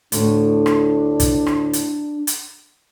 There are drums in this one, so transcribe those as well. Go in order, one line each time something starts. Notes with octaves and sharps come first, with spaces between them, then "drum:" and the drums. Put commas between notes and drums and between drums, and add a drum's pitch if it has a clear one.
D2 A2 D4, drum: hi-hat
drum: rim click
drum: kick, hi-hat
drum: rim click
drum: hi-hat
drum: hi-hat